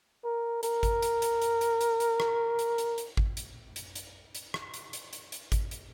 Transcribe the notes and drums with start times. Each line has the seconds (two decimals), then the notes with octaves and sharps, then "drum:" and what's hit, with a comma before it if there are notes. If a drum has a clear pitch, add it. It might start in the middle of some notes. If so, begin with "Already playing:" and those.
0.24 A#4
0.63 A#4, drum: hi-hat
0.83 drum: kick G#1, hi-hat
1.02 drum: hi-hat
1.22 drum: hi-hat
1.42 drum: hi-hat
1.61 drum: hi-hat
1.81 drum: hi-hat
2.00 drum: hi-hat
2.20 drum: rim click
2.59 drum: hi-hat
2.78 drum: hi-hat
2.98 drum: hi-hat
3.17 drum: kick G#1
3.37 drum: hi-hat
3.76 drum: hi-hat
3.96 drum: hi-hat
4.35 drum: hi-hat
4.54 drum: rim click
4.74 drum: hi-hat
4.93 drum: hi-hat
5.13 drum: hi-hat
5.32 drum: hi-hat
5.52 drum: kick G#1, hi-hat
5.71 drum: hi-hat